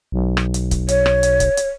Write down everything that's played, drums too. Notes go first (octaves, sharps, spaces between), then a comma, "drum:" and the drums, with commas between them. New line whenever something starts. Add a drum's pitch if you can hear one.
B1
drum: rim click
drum: hi-hat
drum: kick, hi-hat
C#5, drum: hi-hat
drum: rim click
drum: hi-hat
drum: kick, hi-hat
drum: hi-hat